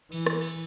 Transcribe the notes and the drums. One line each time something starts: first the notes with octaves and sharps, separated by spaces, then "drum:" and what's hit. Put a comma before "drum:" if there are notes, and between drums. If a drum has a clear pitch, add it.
E3, drum: cymbal
drum: rim click
drum: cymbal